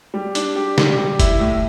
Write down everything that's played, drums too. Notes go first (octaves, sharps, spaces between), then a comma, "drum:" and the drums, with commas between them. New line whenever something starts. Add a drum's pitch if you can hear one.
G3
D4, drum: hi-hat
G4
G3, drum: snare
G3
E4, drum: kick F#1, hi-hat
A2